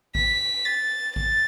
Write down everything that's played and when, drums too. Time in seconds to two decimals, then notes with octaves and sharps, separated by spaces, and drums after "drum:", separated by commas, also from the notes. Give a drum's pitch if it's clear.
0.15 B6, drum: kick A1
0.66 A6
1.16 A6, drum: kick A1